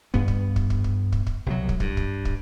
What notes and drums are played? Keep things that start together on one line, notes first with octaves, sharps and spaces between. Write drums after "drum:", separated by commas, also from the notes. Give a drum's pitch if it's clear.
G2 B3, drum: kick
drum: kick
drum: kick
drum: kick
drum: kick
drum: kick
drum: kick
C2 B2 F#3
drum: kick
G2, drum: kick
drum: kick
drum: kick